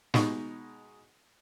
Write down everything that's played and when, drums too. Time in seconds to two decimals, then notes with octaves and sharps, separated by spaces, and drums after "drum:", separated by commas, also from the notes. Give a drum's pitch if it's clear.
0.14 B2 G#3 D#4 C#6, drum: snare